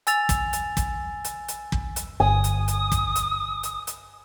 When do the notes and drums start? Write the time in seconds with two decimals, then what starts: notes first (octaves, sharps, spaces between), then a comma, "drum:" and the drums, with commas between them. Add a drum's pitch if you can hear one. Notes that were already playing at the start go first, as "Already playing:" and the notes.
0.07 G#5 E6 A6 F7, drum: hi-hat
0.29 drum: kick, hi-hat
0.53 drum: hi-hat
0.77 drum: kick, hi-hat
1.24 drum: hi-hat
1.48 drum: hi-hat
1.72 drum: kick
1.96 drum: hi-hat
2.20 G1 G#5 D#6
2.44 drum: hi-hat
2.68 drum: hi-hat
2.92 drum: kick, hi-hat
3.15 drum: hi-hat
3.63 drum: hi-hat
3.87 drum: hi-hat